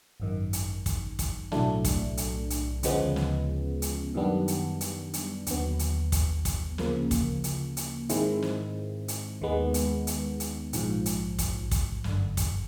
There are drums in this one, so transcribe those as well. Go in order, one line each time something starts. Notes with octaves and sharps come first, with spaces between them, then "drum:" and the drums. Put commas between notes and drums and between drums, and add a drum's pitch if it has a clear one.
G#1 F#2 D#3
drum: hi-hat
drum: kick, hi-hat
drum: kick, hi-hat
B1 A2 F#3 A3 D4, drum: snare
drum: kick, hi-hat
drum: hi-hat
drum: hi-hat
D2 C#3 F3 G#3 B3, drum: hi-hat
drum: snare
drum: hi-hat
F#2 D#3 G3 B3 D4
drum: hi-hat
drum: hi-hat
drum: hi-hat
D#2 D3 F#3 B3, drum: hi-hat
drum: hi-hat
drum: kick, hi-hat
drum: kick, hi-hat
D2 C#3 F3 A#3, drum: snare
drum: kick, hi-hat
drum: hi-hat
drum: hi-hat
G#2 D#3 G#3 C4 E4, drum: hi-hat
drum: snare
drum: hi-hat
D#2 D#3 G#3 B3
drum: hi-hat
drum: hi-hat
drum: hi-hat
A#1 G#2 F3, drum: hi-hat
drum: hi-hat
drum: kick, hi-hat
drum: kick, hi-hat
G1 F#2 D3, drum: snare
drum: kick, hi-hat